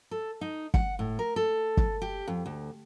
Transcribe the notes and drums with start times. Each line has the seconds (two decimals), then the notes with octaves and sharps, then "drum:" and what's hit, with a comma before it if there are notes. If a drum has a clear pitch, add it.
0.11 A4
0.41 D#4
0.74 F#5, drum: kick G1
0.99 A2
1.19 A#4
1.36 A4
1.77 drum: kick G1
2.02 G4
2.28 F2
2.46 D2